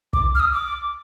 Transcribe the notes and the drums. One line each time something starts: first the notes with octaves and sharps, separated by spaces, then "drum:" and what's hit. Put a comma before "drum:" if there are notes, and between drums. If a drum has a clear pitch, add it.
D6, drum: kick
F6
D#6
D6